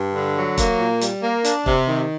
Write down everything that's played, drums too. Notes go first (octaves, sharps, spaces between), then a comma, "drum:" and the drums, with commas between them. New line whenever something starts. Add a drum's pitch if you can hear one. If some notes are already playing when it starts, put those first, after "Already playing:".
Already playing: G2
D3
F#3
A#3, drum: kick E1, hi-hat
A#2
G3, drum: hi-hat
A#3
D4, drum: hi-hat
C3, drum: kick E1
D#3